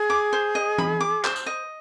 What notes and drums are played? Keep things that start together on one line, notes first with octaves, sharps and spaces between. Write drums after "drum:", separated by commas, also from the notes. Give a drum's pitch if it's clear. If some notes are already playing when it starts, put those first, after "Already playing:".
Already playing: G#4
D6
C5
D#5
B5, drum: tom E3
D6
C5, drum: clap
drum: tambourine
D#5